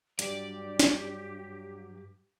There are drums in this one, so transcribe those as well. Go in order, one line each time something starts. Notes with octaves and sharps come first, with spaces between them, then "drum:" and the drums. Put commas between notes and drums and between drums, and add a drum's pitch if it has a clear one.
G2 F#3 G4 D5, drum: hi-hat
drum: snare